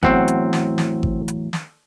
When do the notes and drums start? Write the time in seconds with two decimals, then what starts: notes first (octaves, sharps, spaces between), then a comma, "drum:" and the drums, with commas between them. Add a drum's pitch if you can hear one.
0.03 E2 A2 F#3 C4 F#5, drum: kick G#1
0.28 drum: hi-hat
0.53 drum: snare
0.78 drum: snare
1.03 drum: kick G#1
1.28 drum: hi-hat
1.53 drum: snare